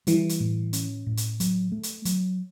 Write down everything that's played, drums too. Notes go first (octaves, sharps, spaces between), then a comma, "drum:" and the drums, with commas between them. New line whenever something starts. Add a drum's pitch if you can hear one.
E3 G3, drum: hi-hat
drum: hi-hat
A2
C#4, drum: hi-hat
A2
drum: hi-hat
F#3, drum: hi-hat
A3
drum: hi-hat
F#3, drum: hi-hat